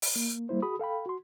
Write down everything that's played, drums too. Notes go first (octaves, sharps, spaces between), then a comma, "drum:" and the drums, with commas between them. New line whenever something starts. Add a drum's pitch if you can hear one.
drum: open hi-hat
A#3
G3 A#3 E4 C5
F#4 G#4 B5 D#6
A4 F5 G5 B5
F#4 C6